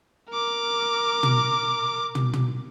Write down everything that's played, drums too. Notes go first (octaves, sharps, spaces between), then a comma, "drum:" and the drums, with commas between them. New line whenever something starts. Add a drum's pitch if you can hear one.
A#4 D6
drum: tom
drum: tom
drum: tom